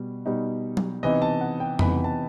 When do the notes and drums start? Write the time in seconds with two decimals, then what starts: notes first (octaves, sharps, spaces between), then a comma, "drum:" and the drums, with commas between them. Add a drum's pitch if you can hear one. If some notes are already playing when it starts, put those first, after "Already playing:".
Already playing: B2 G3
0.26 B2 G3 D#4
0.77 drum: tom F#3
1.03 C3 E3 B3 D#4 D#5
1.22 A5
1.41 F#5
1.60 G5
1.79 C3 E3 B3 D#4 B5, drum: tom F2
2.04 A5